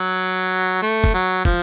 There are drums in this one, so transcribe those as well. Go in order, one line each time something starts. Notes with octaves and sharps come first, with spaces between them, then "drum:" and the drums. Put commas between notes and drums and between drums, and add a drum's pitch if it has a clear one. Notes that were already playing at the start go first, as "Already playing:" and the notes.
Already playing: F#3
A3
drum: kick
F#3
F3, drum: kick